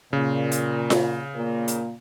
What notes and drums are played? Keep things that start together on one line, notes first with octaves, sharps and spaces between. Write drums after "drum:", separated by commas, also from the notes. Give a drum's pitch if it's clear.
A#2 C#3
drum: hi-hat
drum: snare F4
A#2 A#3
drum: hi-hat